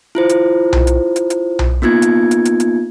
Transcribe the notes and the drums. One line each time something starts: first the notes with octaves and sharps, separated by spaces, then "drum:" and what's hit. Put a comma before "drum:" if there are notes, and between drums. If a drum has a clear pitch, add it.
E4 F4 C5
drum: hi-hat
drum: tom B1
drum: hi-hat
drum: hi-hat
drum: hi-hat
drum: tom B1
A#3 B3 D#4 F4 G#6
drum: hi-hat
drum: hi-hat
drum: hi-hat
drum: hi-hat